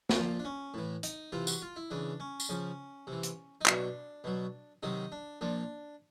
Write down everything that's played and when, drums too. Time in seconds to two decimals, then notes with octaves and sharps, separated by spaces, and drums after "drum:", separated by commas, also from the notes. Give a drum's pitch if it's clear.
0.09 F#4, drum: snare
0.15 A#2 F3 F4
0.39 D4
0.45 C#4
0.74 A2 E3
1.03 D#4, drum: hi-hat
1.32 C3 E3 F4
1.47 F#4, drum: tambourine
1.62 F4
1.76 E4
1.91 C#3 E3 D4
2.20 C#4
2.40 drum: tambourine
2.49 C#3 F3 C#4
3.07 C3 E3
3.23 drum: hi-hat
3.61 D#4
3.66 B2 F#3 D4, drum: clap
4.24 B2 F#3
4.83 C3 D#3 F#3 D#4
5.12 D4
5.41 A#2 F3 D4